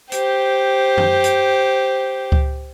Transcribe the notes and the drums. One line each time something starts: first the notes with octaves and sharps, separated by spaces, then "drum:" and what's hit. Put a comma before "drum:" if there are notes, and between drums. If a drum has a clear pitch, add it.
G4 C5, drum: hi-hat
drum: tom F#2
drum: hi-hat
drum: kick C#2